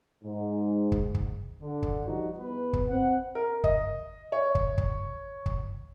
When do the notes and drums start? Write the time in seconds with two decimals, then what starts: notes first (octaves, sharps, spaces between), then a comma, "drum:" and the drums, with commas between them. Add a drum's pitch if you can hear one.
0.24 G#2
0.92 drum: kick
1.14 drum: kick
1.62 D3
1.83 drum: kick
2.05 F3 G3 D#4 F#4
2.39 E2 B3 B4
2.73 drum: kick
2.89 C4 F#5
3.35 A#4
3.64 D#5, drum: kick
4.32 C#5
4.55 drum: kick
4.78 drum: kick
5.46 drum: kick